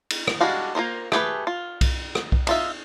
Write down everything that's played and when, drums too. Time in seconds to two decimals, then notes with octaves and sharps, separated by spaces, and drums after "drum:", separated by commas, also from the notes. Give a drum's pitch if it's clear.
0.10 drum: cymbal
0.27 drum: rim click
0.41 G3 G#3 D4 F#4 F5
0.75 A#3 F4 A#4 C5
1.12 A3 G4 G#4 B4, drum: rim click
1.47 F4
1.81 drum: kick B1, cymbal
2.15 drum: rim click
2.32 drum: kick B1
2.47 D#4 F4 E5, drum: cymbal